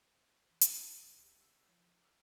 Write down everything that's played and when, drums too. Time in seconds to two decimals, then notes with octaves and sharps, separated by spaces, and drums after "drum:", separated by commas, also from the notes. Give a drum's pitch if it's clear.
0.07 C5
0.50 E3
0.61 drum: hi-hat
0.99 C#2 A#6
1.24 G4 E6
1.66 F3 E4 C#5 G6
2.01 A#5 C#6 D6 E6 F6